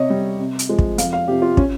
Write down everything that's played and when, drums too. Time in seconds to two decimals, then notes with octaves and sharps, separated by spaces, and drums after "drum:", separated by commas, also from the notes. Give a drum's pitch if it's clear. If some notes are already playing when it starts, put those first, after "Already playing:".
Already playing: C3 C#5 D#5
0.10 G3
0.39 C3
0.59 drum: hi-hat
0.69 F3 G#3
0.79 drum: kick
0.98 F2 F5, drum: hi-hat
1.13 F5
1.27 C3 F3 G4
1.42 F4
1.57 C#4, drum: kick